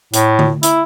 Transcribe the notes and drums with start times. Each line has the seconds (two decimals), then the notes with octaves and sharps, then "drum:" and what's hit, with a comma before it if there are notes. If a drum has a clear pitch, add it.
0.13 A2, drum: hi-hat
0.39 drum: tom D3
0.63 E4, drum: hi-hat